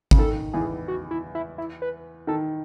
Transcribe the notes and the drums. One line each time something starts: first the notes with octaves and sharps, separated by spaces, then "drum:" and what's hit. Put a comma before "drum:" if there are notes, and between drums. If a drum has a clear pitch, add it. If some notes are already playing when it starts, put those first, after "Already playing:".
C#3, drum: kick G#1
D#3 A4
E2 E3 G#4
F#4
E4
E4
E4
B4
D#3 A4